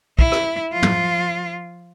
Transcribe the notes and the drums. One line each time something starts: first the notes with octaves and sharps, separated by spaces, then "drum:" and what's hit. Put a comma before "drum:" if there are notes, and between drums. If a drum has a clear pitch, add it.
E4, drum: kick
drum: rim click
F3 F4
drum: tom